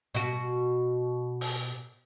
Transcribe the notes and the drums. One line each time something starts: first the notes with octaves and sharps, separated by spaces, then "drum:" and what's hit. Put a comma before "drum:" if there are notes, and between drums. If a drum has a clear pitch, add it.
B2 F#4
drum: open hi-hat